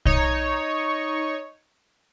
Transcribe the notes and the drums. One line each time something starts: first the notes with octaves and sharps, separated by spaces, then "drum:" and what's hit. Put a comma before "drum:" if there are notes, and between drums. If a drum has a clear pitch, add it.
D#4 C#5, drum: kick